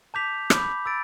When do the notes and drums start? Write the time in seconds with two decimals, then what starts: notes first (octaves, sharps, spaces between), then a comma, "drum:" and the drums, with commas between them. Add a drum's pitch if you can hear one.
0.14 A5 D6 G6 B6 F7
0.50 B5 D6 G6, drum: rim click
0.86 B5 E6 A6 D7